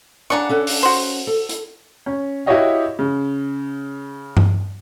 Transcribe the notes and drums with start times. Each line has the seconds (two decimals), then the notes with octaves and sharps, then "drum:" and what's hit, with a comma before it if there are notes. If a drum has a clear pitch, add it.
0.30 C#3 D4 F#5 A#5 C#6
0.49 C#4 A4 F#5
0.67 drum: open hi-hat
0.83 F#4 C5
1.27 A4
1.49 drum: hi-hat
2.06 C#4
2.46 E4 F#4 G4 C#5 D#5 F5
2.99 C#3
4.37 drum: tom G2